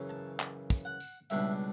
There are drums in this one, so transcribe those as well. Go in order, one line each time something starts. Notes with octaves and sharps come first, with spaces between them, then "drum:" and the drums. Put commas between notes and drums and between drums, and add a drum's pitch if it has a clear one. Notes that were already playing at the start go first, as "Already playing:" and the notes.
Already playing: F#2 C#3 E3
A5
drum: clap
drum: kick, tambourine
F#5
drum: tambourine
C#2 B2 G3 D4 E5, drum: tambourine